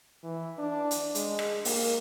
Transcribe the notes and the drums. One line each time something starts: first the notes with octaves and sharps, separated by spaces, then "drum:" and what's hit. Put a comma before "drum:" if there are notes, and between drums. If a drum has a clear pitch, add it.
E3
D4
drum: hi-hat
G#3, drum: hi-hat
drum: rim click
A#3, drum: open hi-hat